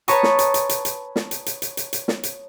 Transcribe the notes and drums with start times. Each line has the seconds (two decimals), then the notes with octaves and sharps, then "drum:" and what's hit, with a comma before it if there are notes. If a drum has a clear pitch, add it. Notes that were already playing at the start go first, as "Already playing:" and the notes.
0.08 B4 C#5 A5 A#5 C#6 D#6, drum: hi-hat
0.23 drum: snare
0.39 drum: hi-hat
0.54 drum: hi-hat
0.69 drum: hi-hat
0.85 drum: hi-hat
1.16 drum: snare
1.31 drum: hi-hat
1.46 drum: hi-hat
1.62 drum: hi-hat
1.77 drum: hi-hat
1.93 drum: hi-hat
2.08 drum: snare
2.23 drum: hi-hat